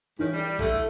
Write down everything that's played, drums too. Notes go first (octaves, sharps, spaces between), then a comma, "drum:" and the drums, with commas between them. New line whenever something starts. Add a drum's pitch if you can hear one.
G#2 D#3 E3 C#4
G3
D3 A3, drum: kick A#1